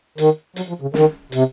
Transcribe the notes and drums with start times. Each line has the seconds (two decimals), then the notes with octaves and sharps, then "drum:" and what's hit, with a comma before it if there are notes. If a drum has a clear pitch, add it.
0.18 D#3, drum: hi-hat
0.56 F#3, drum: hi-hat
0.68 F3
0.81 C#3
0.94 D#3, drum: snare
1.32 C3, drum: hi-hat